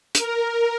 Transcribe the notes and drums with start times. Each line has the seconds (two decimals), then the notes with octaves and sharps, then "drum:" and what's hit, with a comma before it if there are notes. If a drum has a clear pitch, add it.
0.15 A#4, drum: hi-hat